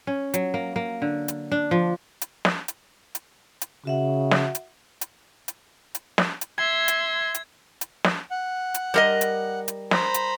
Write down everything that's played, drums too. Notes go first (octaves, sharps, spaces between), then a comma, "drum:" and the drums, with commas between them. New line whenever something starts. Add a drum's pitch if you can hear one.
C#4
F#3, drum: hi-hat
A#3
A#3
D3
drum: hi-hat
D4
F3
drum: hi-hat
drum: snare
drum: hi-hat
drum: hi-hat
drum: hi-hat
C#3 F#4 E5 F#5
drum: snare
drum: hi-hat
drum: hi-hat
drum: hi-hat
drum: hi-hat
drum: snare
drum: hi-hat
E5 C6 G#6
drum: hi-hat
drum: hi-hat
drum: hi-hat
drum: snare
F#5
drum: hi-hat
G3 A#4 D#5
drum: hi-hat
drum: hi-hat
C5 A#5 B5, drum: snare
drum: hi-hat